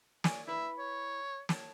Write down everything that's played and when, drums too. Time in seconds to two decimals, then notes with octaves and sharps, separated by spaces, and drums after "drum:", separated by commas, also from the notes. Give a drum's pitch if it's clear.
0.24 C#5 D5 G#5, drum: snare
0.47 E4 B4 E5
0.79 C#5
1.49 C#5 G5 A5, drum: snare